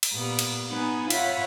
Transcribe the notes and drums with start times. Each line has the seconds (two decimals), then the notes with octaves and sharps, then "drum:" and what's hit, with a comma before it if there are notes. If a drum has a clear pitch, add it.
0.03 drum: cymbal
0.13 A#2 G3 B3
0.39 drum: cymbal
0.70 B3 D#4 B4 G#5
1.10 F4 C#5 E5 F#5 B5, drum: cymbal